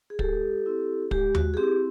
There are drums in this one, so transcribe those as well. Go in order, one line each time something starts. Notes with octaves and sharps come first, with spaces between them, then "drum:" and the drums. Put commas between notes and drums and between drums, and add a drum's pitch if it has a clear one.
G#4
G#3 G4 A4, drum: kick
C4 E4
G#3 G4, drum: kick
F#4, drum: tom D#2
G#4
C4 E4 G4